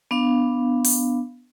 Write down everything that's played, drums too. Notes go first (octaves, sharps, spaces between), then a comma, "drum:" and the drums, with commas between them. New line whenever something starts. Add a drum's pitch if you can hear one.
B3 D4 F5
drum: open hi-hat